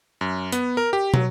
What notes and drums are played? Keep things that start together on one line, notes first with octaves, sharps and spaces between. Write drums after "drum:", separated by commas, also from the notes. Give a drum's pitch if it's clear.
F#2
B3, drum: hi-hat
A#4
G4
F#3, drum: tom